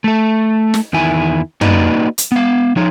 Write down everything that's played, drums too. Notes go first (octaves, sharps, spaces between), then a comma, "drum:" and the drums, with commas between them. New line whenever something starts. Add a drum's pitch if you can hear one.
A3 A4
drum: snare
E2 D#3 E4 G#5
A#3 D#4 F#4 B4 D5 D#5, drum: tom
drum: hi-hat
B3 F5
F3 D#4 C#5